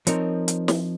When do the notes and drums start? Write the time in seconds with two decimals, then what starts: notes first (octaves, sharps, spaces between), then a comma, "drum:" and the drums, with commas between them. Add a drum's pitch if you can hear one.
0.07 F3 C4 D#4 A#4 C#5, drum: hi-hat
0.48 drum: hi-hat
0.68 drum: snare